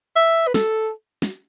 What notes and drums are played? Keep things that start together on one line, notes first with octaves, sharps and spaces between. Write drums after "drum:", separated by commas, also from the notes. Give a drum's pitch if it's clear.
E5
B4
A4, drum: snare
drum: snare